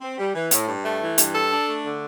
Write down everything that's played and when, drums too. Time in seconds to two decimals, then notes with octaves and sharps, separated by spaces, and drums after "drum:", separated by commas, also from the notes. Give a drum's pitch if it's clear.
0.01 C4
0.18 G3
0.34 E3
0.51 A2, drum: hi-hat
0.68 G2
0.84 A3
1.01 E3
1.18 G2, drum: hi-hat
1.34 A4
1.51 D4
1.68 A3
1.85 D3